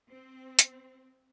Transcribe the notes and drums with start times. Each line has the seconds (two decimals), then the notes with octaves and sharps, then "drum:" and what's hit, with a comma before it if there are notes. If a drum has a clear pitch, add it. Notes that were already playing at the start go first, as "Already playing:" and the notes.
0.11 C4
0.59 drum: hi-hat